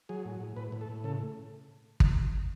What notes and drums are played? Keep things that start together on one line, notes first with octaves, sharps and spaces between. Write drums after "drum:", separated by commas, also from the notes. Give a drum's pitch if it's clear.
F#3 G#4
A2
A2
A2 B4
A2
A4
A2
C#3 A4
drum: kick